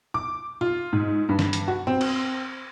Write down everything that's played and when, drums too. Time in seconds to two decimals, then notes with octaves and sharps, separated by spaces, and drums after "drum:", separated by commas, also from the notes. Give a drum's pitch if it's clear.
0.14 D6
0.61 F4
0.93 G#2
1.29 G2
1.39 drum: snare
1.53 drum: hi-hat
1.68 F#4
1.87 C4
2.01 drum: cymbal